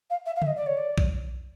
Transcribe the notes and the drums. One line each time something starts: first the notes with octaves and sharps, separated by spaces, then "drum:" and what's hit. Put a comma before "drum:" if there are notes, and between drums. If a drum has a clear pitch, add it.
F5
E5
F5
E5, drum: tom C#3
D#5
D5
C#5
D5
drum: kick A#1